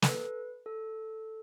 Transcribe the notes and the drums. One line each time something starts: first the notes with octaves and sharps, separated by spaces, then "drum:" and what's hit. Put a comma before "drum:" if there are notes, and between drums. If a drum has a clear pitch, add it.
A4, drum: snare
B4
A4